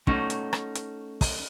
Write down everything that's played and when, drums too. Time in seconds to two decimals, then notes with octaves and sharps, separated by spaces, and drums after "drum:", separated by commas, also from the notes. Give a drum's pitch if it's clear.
0.07 A3 C#4 D#4 F#4, drum: kick
0.30 drum: hi-hat
0.53 drum: rim click
0.75 drum: hi-hat
1.21 drum: kick, open hi-hat